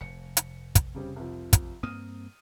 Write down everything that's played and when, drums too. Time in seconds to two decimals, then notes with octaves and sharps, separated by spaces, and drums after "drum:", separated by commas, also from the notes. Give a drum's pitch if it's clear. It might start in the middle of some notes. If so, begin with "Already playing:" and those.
0.01 F1 C#7
0.37 drum: hi-hat
0.75 drum: kick, hi-hat
0.95 C#3 G3 C4
1.16 C2 F3
1.53 drum: kick, hi-hat
1.83 G2 A#3 C4 D#6 F6 D#7